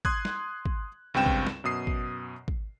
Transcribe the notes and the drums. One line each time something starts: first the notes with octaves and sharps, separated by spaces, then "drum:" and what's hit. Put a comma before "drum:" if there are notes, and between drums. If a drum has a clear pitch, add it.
C6 D#6 F#6 G#6, drum: kick
drum: snare
drum: kick
C#2 G2 C4 G5 E7
drum: kick
drum: snare
F#2 B2 D#6 C7
drum: kick
drum: kick